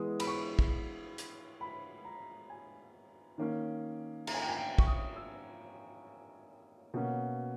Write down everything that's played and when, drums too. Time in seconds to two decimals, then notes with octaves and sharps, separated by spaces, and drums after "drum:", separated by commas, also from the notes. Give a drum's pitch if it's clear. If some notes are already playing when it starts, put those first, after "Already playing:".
Already playing: E3 G#3 B3 D#6
0.20 B5, drum: cymbal
0.27 C#6
0.59 drum: kick
1.18 drum: hi-hat
1.61 B5
2.05 A#5
2.50 G#5
3.38 D#3 A#3 C#4
4.27 A#5, drum: cymbal
4.34 G#5
4.41 G5
4.48 G#5
4.57 G5
4.78 C#6, drum: kick
4.87 D#6
5.16 E6
6.94 B2 A#3 C#4